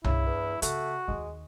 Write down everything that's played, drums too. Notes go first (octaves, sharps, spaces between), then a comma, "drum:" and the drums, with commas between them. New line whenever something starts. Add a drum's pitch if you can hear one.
G2 C#3 E3 E4, drum: tom C2
E2
C#3 A3 F#4, drum: hi-hat
D#2 D#3 G#3